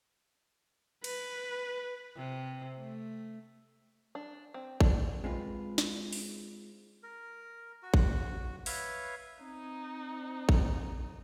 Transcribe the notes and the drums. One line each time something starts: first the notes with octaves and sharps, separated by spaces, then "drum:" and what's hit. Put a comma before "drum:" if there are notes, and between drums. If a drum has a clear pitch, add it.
B4, drum: cymbal
C3
A3
D4
C4
D4, drum: kick A1
G#3 C4 F4 B4
drum: snare
drum: open hi-hat
A#4
F#4
drum: kick A1
B4 C#5 E5 F5, drum: open hi-hat
C4 D#4
drum: kick A1